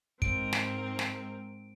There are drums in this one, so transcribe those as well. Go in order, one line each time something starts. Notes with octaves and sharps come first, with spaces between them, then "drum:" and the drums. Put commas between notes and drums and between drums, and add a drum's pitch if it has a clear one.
G#2 C4 A#4 D7, drum: kick
drum: snare
drum: snare